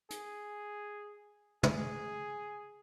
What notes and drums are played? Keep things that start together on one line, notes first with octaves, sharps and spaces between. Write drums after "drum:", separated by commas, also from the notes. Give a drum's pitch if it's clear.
G#4, drum: hi-hat
G#4, drum: tom